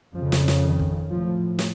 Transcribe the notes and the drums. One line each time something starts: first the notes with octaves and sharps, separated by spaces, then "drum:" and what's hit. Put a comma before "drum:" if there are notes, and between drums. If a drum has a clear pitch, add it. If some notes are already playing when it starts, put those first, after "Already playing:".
F2 C#3 F3
drum: snare
drum: snare
D#3
drum: kick
A2 F3
drum: snare